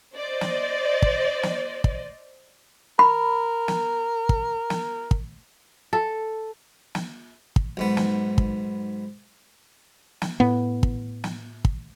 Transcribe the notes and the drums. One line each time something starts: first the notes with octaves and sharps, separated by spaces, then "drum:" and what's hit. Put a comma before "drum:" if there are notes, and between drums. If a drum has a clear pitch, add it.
C5 D5 D#5
drum: snare
drum: kick
drum: snare
drum: kick
A#4 B5
drum: snare
drum: kick
drum: snare
drum: kick
A4
drum: snare
drum: kick
B1 G#2 B3
drum: snare
drum: kick
drum: snare
A2 B3
drum: kick
drum: snare
drum: kick